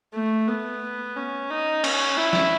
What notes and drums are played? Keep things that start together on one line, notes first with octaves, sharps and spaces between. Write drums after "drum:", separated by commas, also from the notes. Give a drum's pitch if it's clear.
A3
B3
C#4
D#4
C#4, drum: cymbal
E4
drum: snare